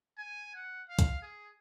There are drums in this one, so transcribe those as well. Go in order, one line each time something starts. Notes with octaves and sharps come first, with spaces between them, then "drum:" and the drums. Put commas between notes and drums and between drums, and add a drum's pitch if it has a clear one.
G#5
F#5
F5
drum: kick, hi-hat
G#4